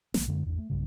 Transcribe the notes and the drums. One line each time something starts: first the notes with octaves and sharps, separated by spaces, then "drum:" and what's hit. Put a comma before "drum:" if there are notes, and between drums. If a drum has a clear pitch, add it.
B1 D#3 G#3 A#3, drum: snare
F#2 D3 G#3
G#1 E2 D4
A3
B1 G2 C#3